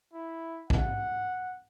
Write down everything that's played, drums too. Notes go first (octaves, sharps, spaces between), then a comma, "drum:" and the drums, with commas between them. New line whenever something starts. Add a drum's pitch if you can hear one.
E4
F#5, drum: kick